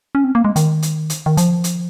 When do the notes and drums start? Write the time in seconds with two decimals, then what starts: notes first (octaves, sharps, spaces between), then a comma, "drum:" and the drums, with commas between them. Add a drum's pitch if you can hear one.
0.15 C#4
0.24 C4
0.35 A#3
0.45 G#3
0.56 D#3, drum: hi-hat
0.82 drum: hi-hat
1.10 drum: hi-hat
1.26 D#3
1.37 F3, drum: hi-hat
1.64 drum: hi-hat